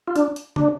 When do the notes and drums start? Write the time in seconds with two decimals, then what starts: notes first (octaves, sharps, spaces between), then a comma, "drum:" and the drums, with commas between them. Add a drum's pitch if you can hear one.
0.08 F4
0.16 D4, drum: hi-hat
0.36 drum: hi-hat
0.56 D4, drum: tom